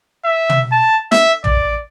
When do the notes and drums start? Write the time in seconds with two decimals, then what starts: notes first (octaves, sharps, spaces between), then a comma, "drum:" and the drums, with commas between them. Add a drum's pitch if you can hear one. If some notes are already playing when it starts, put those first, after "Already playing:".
0.25 E5
0.49 drum: tom
0.72 A5
1.12 E5, drum: snare
1.44 D5, drum: tom